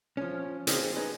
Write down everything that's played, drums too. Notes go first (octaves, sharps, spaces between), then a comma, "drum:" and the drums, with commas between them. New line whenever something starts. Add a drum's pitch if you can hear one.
F3 C#4
A#3 C4 C#4 D#4 F4 G#4, drum: hi-hat
B3 D#4 G#4